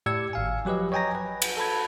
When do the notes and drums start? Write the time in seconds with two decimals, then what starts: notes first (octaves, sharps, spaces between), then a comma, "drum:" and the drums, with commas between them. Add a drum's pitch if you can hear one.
0.06 A2 G4 D5 E6 G#6 C#7
0.33 G#1 F5 G#5
0.65 F3 F#3 G4 B4 D#5
0.92 C#5 D#5 G5 G#5 A#5 A#6
1.15 B4
1.42 drum: cymbal
1.57 A4 A5 B5 G#6